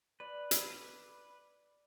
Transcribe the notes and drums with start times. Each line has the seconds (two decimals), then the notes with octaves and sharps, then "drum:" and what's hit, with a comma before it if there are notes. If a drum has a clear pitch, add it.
0.20 B4 D5
0.51 drum: hi-hat